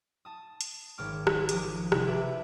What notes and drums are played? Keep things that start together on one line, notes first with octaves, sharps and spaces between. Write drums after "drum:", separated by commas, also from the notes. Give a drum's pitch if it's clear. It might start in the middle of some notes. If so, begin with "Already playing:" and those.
A5 D#6
drum: hi-hat
G#1 C#4 D6 F6
drum: rim click
F3 D6 D#6, drum: hi-hat
C3 E4, drum: rim click
B4 E5 A5 D6 F#6